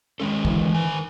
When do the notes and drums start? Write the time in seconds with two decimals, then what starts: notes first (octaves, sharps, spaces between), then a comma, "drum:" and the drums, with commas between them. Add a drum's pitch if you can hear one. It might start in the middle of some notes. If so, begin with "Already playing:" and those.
0.20 D#3 G#3 C#4 A4
0.45 D3 E3, drum: kick
0.74 D#3 G#5